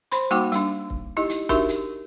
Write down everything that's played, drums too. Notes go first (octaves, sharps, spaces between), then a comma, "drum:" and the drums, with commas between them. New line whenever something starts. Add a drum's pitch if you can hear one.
C5 B5 C6, drum: hi-hat
G3 A#3 D#4 F#4 G5 D6
G3 D4, drum: hi-hat
drum: kick C#1
D#4 E4 G4 D#5
drum: hi-hat
D4 D#4 F#4 G4 A#4 E5, drum: kick C#1, hi-hat
drum: hi-hat